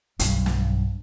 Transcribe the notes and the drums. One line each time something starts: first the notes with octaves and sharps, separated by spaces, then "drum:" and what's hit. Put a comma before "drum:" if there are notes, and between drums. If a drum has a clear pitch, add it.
B1 G2, drum: hi-hat
drum: snare